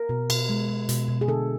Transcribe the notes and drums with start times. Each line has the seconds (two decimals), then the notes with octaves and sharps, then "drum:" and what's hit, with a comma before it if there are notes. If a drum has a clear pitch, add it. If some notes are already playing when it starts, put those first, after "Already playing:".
Already playing: A#4
0.09 B2
0.30 B2, drum: cymbal
0.49 G#3
0.69 G#3
0.89 B2, drum: hi-hat
1.08 B2
1.21 G#4
1.28 D3 A4